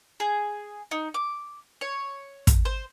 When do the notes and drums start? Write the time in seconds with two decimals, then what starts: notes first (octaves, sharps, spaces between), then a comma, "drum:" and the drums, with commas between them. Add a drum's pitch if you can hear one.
0.20 G#4
0.91 D#4
1.14 D6
1.81 C#5
2.47 drum: kick, hi-hat
2.65 C5